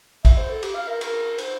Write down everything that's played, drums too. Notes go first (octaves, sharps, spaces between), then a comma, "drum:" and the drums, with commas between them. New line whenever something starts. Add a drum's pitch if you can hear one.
E5, drum: kick, cymbal
C5
A4
G4, drum: cymbal
F5
A#4
A#4, drum: cymbal
C5, drum: cymbal